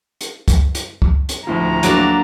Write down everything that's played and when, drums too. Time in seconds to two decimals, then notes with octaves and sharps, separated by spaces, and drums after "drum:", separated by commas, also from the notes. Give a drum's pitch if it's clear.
0.21 drum: hi-hat
0.48 drum: kick, hi-hat
0.75 drum: hi-hat
1.02 drum: kick
1.29 drum: hi-hat
1.47 D2 A2 F3 A#5
1.83 F#3 A#3 D4, drum: hi-hat